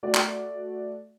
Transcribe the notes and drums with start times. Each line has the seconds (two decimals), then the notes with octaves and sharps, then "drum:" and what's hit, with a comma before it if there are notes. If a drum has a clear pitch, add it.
0.03 A3 F#4 D5
0.15 drum: clap